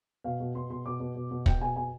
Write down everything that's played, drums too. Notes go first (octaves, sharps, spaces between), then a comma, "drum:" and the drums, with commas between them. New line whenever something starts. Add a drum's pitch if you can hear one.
B2 F5
B2
B2 C6
B2 C6
B2 D6
B2
B2
B2
B2 G5, drum: kick
B2 G#5
B2 G#5